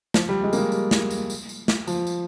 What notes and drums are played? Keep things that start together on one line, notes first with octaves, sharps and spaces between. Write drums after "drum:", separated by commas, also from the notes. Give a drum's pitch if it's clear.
F3, drum: snare
G3
G#3
A#3, drum: tambourine
G#3
G3, drum: tambourine
drum: snare
drum: tambourine
drum: tambourine
drum: tambourine
drum: snare
F3, drum: tambourine
drum: tambourine